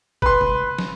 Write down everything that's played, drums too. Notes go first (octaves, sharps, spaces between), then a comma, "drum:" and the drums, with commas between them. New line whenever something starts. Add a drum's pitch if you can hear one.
B4 C6, drum: kick G1
drum: tom C3
drum: snare